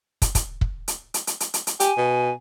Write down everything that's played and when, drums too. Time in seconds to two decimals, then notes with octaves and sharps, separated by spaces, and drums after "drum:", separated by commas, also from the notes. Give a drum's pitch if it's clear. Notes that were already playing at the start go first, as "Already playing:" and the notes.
0.22 drum: kick, hi-hat
0.35 drum: kick, hi-hat
0.61 drum: kick
0.88 drum: hi-hat
1.14 drum: hi-hat
1.27 drum: hi-hat
1.40 drum: hi-hat
1.54 drum: hi-hat
1.67 drum: hi-hat
1.80 G4 G#5, drum: hi-hat
1.98 B2